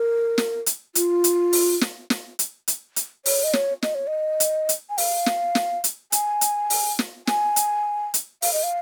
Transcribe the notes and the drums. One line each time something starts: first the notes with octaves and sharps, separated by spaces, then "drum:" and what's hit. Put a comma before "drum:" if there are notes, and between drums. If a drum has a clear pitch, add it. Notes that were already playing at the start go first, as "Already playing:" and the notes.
Already playing: A#4
drum: snare
drum: hi-hat
F4, drum: hi-hat
drum: hi-hat
drum: open hi-hat
drum: snare
drum: snare
drum: hi-hat
drum: hi-hat
drum: hi-hat
C#5, drum: open hi-hat
D#5
C#5, drum: snare
D#5, drum: snare
C#5
D#5
drum: hi-hat
drum: hi-hat
G#5
F5, drum: open hi-hat
drum: snare
drum: snare
drum: hi-hat
G#5, drum: hi-hat
drum: hi-hat
drum: open hi-hat
drum: snare
G#5, drum: snare
drum: hi-hat
drum: hi-hat
F5, drum: open hi-hat
D#5
F5